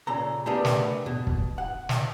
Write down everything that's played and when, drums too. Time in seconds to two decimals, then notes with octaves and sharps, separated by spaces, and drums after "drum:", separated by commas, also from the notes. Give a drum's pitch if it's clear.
0.07 A#2 C#3 A4 A#5
0.46 A3 B3 D4 G4 G#4 A#4
0.65 drum: snare
1.06 B2
1.27 drum: kick
1.58 F#5
1.89 drum: snare